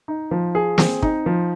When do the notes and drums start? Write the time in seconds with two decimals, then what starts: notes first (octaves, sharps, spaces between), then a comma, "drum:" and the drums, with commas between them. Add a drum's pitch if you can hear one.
0.08 D#4
0.31 F3
0.55 G#4
0.78 C4, drum: snare
1.02 D#4, drum: kick
1.26 F3